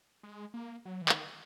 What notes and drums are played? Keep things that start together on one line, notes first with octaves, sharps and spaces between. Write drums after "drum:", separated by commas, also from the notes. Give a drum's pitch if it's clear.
G#3
A#3
F#3
E3
D#3, drum: clap